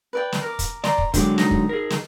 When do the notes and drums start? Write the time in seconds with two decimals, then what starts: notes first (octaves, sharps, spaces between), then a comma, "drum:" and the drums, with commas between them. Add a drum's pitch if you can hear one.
0.13 B4 D5 G5
0.32 drum: snare
0.42 A#4 D6
0.59 drum: kick, hi-hat
0.84 D5 A#5 C6, drum: snare
0.98 drum: kick
1.14 D3 F#3 G#3 G5 D6, drum: kick, hi-hat
1.38 D#4 D#6, drum: snare
1.51 drum: kick
1.69 G#4 A#4
1.90 drum: snare